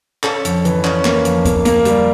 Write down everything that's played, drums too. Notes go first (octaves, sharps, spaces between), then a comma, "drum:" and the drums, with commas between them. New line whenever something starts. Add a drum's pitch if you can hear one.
C#4 A4, drum: clap
F2, drum: hi-hat
E3, drum: hi-hat
C#4, drum: clap
A#3, drum: clap
F2, drum: hi-hat
A#3, drum: kick, hi-hat
A#3, drum: hi-hat
G3, drum: hi-hat